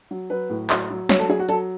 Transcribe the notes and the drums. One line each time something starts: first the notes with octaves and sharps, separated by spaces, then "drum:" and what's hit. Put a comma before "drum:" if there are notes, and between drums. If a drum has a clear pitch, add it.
F#3
F#3 B4
A2
F#3, drum: clap
F#3
F#3 C#5, drum: snare
A4
F#3 G#4
F#4
F#3 A4, drum: hi-hat